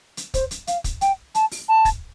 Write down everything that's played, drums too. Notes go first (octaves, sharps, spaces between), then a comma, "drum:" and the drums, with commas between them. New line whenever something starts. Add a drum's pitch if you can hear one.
drum: hi-hat
C5, drum: kick, hi-hat
drum: hi-hat
F5, drum: hi-hat
drum: kick, hi-hat
G5, drum: hi-hat
A5, drum: hi-hat
drum: open hi-hat
A5
drum: kick, hi-hat